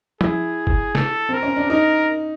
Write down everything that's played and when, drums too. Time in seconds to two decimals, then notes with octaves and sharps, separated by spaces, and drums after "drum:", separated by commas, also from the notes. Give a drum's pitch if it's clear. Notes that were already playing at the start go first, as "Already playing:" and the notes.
0.21 E4 G#4, drum: tom F3
0.67 drum: kick
0.95 A4, drum: snare
1.29 C4 A#4
1.43 C#4
1.56 D4
1.70 D#4 A#4